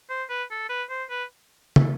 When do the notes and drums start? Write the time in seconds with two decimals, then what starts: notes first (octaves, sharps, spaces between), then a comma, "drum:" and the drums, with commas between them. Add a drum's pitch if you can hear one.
0.10 C5
0.30 B4
0.51 A4
0.69 B4
0.90 C5
1.10 B4
1.76 drum: tom